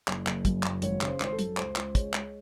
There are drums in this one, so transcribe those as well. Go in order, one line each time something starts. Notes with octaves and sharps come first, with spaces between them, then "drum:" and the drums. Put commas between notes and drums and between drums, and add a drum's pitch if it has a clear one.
F#1, drum: clap
F#1, drum: clap
F#2, drum: kick, hi-hat
F#1, drum: clap
G#1 C#5, drum: hi-hat
C#3, drum: clap
C5
G#1 C5, drum: clap
A4
F#2, drum: hi-hat
C#2 C5, drum: clap
C#2, drum: clap
G#3 C#5, drum: kick, hi-hat
G#3, drum: clap